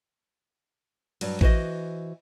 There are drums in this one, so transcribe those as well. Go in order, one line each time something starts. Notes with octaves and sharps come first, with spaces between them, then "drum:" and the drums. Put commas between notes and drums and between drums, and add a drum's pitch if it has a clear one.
G2 F#3, drum: cymbal
E3 F#4 C5 D#5, drum: kick A1